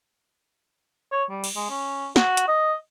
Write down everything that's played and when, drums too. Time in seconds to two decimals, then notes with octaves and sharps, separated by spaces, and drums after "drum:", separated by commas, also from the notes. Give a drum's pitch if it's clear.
1.12 C#5
1.30 G3
1.44 drum: cymbal
1.56 G#3
1.70 C#4
2.16 F#4, drum: snare
2.37 drum: hi-hat
2.48 D#5